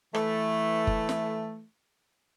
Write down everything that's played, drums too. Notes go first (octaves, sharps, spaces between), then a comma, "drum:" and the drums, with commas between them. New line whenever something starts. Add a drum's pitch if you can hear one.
E3 A3, drum: rim click
drum: kick F#1
drum: snare